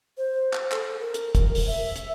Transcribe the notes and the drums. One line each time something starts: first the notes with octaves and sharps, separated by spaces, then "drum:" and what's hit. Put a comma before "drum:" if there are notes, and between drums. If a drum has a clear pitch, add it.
C5
drum: clap
A4, drum: clap
A#4
drum: hi-hat
A#4, drum: kick, hi-hat
drum: open hi-hat
E5
drum: hi-hat